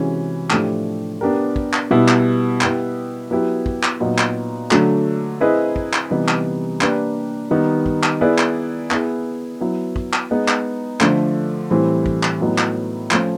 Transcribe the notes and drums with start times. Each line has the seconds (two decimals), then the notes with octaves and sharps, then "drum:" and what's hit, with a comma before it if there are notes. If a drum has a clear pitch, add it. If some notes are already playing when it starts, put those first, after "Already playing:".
Already playing: C3 E3 G#3 C#4 F#4
0.50 A2 F3 A3 D4 G4, drum: clap
1.21 B3 D4 G4 A#4
1.56 drum: kick
1.73 drum: clap
1.91 B2 G3 B3 E4
2.08 drum: clap
2.61 B3 E4 G4, drum: clap
3.31 F#3 B3 E4 G4 B4
3.66 drum: kick
3.83 drum: clap
4.00 A#2 F#3 B3 D#4 F#4
4.18 drum: clap
4.71 D3 F#3 A3, drum: clap
5.40 C4 E4 G#4 B4 D#5
5.76 drum: kick
5.93 drum: clap
6.10 C3 E3 G3 B3 D#4
6.28 drum: clap
6.81 A#3 D4 G4 B4 D5, drum: clap
7.51 D#3 G3 B3 D#4
7.86 drum: kick
8.03 drum: clap
8.21 B3 E4 G#4 B4 D5
8.38 drum: clap
8.91 B3 E4 G#4, drum: clap
9.61 F#3 B3 E4
9.96 drum: kick
10.13 drum: clap
10.31 G#3 B3 D#4
10.48 drum: clap
11.01 D3 F3 A3, drum: clap
11.71 A2 E3 G3 C4
12.06 drum: kick
12.23 drum: clap
12.41 A2 F#3 B3 D#4
12.58 drum: clap
13.11 F3 A3 C#4, drum: clap